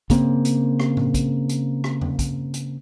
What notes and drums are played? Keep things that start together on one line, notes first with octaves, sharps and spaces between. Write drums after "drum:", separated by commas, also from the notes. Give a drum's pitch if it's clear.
C#3 A#3 C4, drum: kick, hi-hat
drum: hi-hat
drum: rim click
drum: tom A2
drum: kick, hi-hat
drum: hi-hat
drum: rim click
drum: tom E2
drum: kick, hi-hat
drum: hi-hat